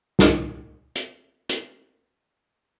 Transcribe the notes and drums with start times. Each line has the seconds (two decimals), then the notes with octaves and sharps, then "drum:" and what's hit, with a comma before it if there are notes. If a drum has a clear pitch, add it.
0.19 C2 D4 E4 F4 D#5 F6, drum: snare
0.95 drum: hi-hat
1.49 drum: hi-hat